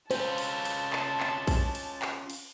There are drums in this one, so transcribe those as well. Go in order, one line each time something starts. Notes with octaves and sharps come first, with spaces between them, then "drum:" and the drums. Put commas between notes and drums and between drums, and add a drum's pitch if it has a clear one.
C#4 F4 C5 A5, drum: cymbal
drum: cymbal
drum: cymbal
drum: clap
drum: clap
drum: kick A#1, cymbal
drum: cymbal
drum: clap
drum: cymbal